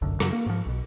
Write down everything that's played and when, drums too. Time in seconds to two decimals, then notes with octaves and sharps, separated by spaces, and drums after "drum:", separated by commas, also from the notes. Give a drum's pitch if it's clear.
0.02 G1 C2 F#2 D3
0.20 F#2 C#3 F#3, drum: rim click
0.33 A#3
0.46 G#2 F3
0.66 B1 B2